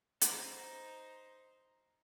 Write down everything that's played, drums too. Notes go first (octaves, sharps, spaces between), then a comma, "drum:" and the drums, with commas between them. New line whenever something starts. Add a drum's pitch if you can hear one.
D#4 C5, drum: hi-hat